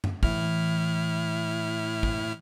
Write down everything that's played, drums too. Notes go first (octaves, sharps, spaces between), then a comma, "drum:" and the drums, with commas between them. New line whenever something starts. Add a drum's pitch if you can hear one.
drum: tom F#2
A2 E3 E4 F6, drum: kick
drum: kick